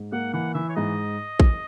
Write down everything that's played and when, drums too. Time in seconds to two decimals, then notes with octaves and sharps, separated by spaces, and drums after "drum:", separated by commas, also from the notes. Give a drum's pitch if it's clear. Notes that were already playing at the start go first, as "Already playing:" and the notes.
Already playing: G#2
0.12 A#3 F#5
0.33 E3 F#5
0.54 E3 E5
0.69 C#5
0.76 G#2 D#5
1.40 drum: kick